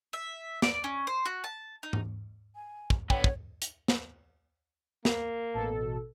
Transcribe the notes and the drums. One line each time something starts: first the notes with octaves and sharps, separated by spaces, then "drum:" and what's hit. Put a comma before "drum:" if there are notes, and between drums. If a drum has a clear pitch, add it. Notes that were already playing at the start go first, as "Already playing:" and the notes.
E5
D5, drum: snare
C#4
C5
F#4
A5
D#4
drum: tom G#2
G#5
drum: kick
D3 B3 C#5 G5, drum: kick
drum: kick
drum: hi-hat
drum: snare
A#3, drum: snare
A1 B2 A4